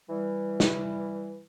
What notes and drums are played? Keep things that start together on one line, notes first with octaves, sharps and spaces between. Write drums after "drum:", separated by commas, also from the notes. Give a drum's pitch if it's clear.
E3 G3
drum: snare